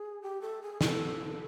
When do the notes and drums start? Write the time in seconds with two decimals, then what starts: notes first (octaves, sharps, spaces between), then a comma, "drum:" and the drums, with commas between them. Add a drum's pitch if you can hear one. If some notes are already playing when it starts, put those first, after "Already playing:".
Already playing: G#4
0.22 G4
0.41 A4
0.62 G#4
0.81 A4, drum: snare